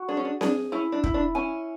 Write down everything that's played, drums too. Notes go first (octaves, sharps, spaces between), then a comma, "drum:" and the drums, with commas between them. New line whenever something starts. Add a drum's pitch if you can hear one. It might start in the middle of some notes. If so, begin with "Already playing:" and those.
Already playing: F#4
D4 G#4
C#4
D4
D4 G#4, drum: snare C4
C#4 E4
D4
E4, drum: kick
D4
C#4 G#5